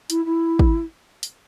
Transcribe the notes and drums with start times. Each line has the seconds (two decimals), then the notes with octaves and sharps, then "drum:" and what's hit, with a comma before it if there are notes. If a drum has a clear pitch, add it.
0.10 E4, drum: hi-hat
0.25 E4
0.59 drum: kick
1.23 drum: hi-hat